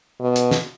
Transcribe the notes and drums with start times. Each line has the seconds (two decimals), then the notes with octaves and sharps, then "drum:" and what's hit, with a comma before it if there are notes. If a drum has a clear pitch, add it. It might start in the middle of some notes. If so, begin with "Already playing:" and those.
0.20 B2
0.36 drum: hi-hat
0.51 drum: snare